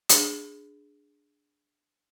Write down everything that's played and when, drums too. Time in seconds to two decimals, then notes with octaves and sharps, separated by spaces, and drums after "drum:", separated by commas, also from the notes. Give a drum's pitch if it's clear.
0.09 D4 G#4, drum: hi-hat